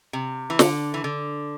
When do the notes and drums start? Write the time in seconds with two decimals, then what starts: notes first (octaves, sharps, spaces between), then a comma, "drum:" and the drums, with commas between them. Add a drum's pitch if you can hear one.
0.13 C3
0.50 E3
0.59 D3, drum: snare
0.94 E3
1.04 D3